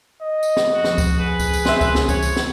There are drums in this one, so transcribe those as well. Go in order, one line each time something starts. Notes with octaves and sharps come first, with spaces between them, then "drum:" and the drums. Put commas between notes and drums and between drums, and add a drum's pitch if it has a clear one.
D#5
drum: tambourine
drum: snare
F2 F#4
drum: snare
drum: kick C#2, tambourine
G#4 B4
drum: kick C#2, tambourine
drum: tambourine
C2 D#3 C#4 C5 E5, drum: snare
drum: kick C#2, tambourine
drum: snare
E3 C#5, drum: kick C#2, tambourine
drum: tambourine
drum: snare